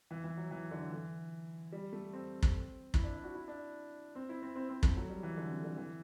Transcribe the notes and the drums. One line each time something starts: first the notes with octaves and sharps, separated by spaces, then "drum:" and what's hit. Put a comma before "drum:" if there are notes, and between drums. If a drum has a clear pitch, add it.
E3
E3
F#3
E3
D3
E3
G3
A3
C4
drum: kick
E4, drum: kick
D4
D4
F#4
E4
D4
C4
E4
C4
C4
C4
A3, drum: kick
F#3
G3
E3
D3
C3
D3
E3